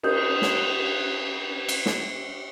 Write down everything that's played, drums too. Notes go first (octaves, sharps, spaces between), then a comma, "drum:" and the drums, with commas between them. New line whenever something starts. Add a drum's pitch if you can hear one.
A#4 D#5 D#6 G6, drum: cymbal
drum: snare
drum: cymbal
drum: snare